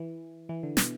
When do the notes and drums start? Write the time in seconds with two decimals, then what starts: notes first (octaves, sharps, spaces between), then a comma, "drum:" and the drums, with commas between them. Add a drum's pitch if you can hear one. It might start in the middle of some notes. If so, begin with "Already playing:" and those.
Already playing: E3
0.49 E3
0.63 D3
0.77 B2, drum: snare